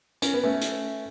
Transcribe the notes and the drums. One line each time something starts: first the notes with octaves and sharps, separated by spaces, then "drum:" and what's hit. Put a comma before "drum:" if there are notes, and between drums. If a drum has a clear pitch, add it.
C#4, drum: hi-hat
B3
A3 C#4
drum: hi-hat